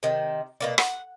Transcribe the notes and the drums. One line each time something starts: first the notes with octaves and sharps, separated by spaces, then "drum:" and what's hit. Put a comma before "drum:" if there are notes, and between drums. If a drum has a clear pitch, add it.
C3 D#3
B2 A#3 D5
F#5, drum: rim click